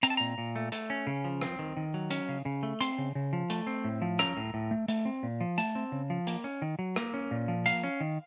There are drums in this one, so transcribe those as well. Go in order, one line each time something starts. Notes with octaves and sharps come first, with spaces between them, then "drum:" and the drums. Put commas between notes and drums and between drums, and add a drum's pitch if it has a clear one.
C4 A#5, drum: hi-hat
A5
A#2 A#5
A#2
A3
A3, drum: hi-hat
C#4
C#3
F3
C4, drum: rim click
D#3
D#3
F#3
C#4, drum: hi-hat
C#3
C#3
A3
C4 C6, drum: hi-hat
C#3
C#3
F3
A3, drum: hi-hat
C4
A2
F3
C#4 A#5, drum: rim click
A2
A2
A3
A3, drum: hi-hat
C4
A#2
F3
A3 A5, drum: hi-hat
C4
C#3
F3
A#3, drum: hi-hat
C#4
D#3
F#3
A#3, drum: rim click
C#4
A#2
F3
A#3 F5, drum: hi-hat
C#4
D#3